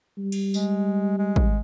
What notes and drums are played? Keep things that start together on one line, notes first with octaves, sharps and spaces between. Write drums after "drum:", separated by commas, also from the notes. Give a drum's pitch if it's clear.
G3
drum: cymbal
G#3, drum: tambourine
G#3
drum: kick G#1